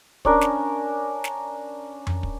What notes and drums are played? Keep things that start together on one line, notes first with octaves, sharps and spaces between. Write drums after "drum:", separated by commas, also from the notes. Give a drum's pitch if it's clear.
C#4 D4 A#4, drum: kick
drum: snare
drum: snare
drum: tom F2
drum: kick